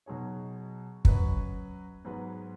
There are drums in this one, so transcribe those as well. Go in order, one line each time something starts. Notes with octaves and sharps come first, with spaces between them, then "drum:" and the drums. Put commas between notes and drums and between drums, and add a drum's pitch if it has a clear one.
B2 F#3 D#4 G#4 C#5
F#3 C#4 B4 D#5, drum: kick
G#2 F#3 B3 G#4 B4